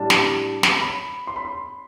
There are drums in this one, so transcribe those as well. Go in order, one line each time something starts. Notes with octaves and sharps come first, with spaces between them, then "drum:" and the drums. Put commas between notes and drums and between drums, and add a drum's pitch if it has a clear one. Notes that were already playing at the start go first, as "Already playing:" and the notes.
Already playing: A2 G3 D4 A5
drum: snare
drum: snare
B5
C6
B5
C6